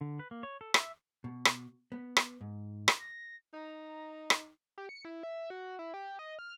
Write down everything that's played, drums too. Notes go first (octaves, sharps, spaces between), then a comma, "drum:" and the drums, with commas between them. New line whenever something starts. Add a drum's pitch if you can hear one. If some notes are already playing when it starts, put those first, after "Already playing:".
D3
B4
A#3
C#5
A4
E5, drum: rim click
B2
drum: rim click
B3
drum: rim click
G#2
drum: rim click
A#6
D#4 A#5
drum: rim click
G4
C#7
E4
E5
F#4
E4
G4
D#5
F6